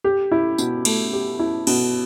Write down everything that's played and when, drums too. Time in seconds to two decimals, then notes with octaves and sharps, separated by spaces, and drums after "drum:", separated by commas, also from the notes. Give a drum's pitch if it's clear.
0.04 G4
0.32 E4
0.58 B2, drum: tambourine
0.85 A3, drum: cymbal
1.13 G4
1.39 E4
1.67 B2, drum: cymbal